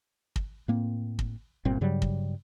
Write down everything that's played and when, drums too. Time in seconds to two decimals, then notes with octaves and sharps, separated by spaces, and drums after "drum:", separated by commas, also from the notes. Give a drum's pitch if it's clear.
0.36 drum: kick
0.68 A2 A#3 C4
1.19 drum: kick
1.65 G1 A#2 G3 C4
1.81 G2 C#3 F#3 G3
2.02 drum: kick